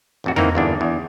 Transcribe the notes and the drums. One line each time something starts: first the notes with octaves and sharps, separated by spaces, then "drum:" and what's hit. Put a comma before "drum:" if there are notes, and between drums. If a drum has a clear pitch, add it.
A1 F2 F#4
E3 A#3 C4 D#4 A#4, drum: tom E2
G1 E2 D4
E2